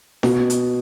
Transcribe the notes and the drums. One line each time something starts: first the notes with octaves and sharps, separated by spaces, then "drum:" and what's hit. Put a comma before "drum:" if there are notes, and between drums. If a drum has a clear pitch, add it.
B2, drum: snare
drum: hi-hat